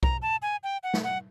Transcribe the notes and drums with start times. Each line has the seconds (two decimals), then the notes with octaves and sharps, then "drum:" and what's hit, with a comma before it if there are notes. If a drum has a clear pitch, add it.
0.03 A#5, drum: kick B1
0.22 A5
0.42 G#5
0.63 G5
0.83 F#5
0.94 drum: snare
1.04 F#5